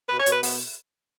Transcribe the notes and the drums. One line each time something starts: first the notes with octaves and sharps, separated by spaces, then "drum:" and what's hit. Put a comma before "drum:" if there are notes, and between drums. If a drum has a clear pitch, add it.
B2 B4
C#5
B2, drum: hi-hat
B4
B3, drum: open hi-hat